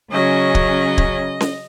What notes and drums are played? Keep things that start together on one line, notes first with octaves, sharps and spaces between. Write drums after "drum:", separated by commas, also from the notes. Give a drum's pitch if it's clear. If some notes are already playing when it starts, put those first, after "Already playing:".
C#3 F#3 C#4 D#5
drum: kick
drum: kick
drum: snare C#4